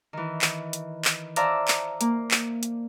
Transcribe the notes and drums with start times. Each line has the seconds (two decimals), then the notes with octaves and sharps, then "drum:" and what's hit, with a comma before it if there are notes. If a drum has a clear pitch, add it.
0.13 D#3 E3
0.42 drum: clap
0.73 drum: hi-hat
1.05 drum: clap
1.36 C5 D5 E5 F5 A5 A#5, drum: hi-hat
1.68 drum: clap
2.01 A#3, drum: hi-hat
2.31 drum: clap
2.63 drum: hi-hat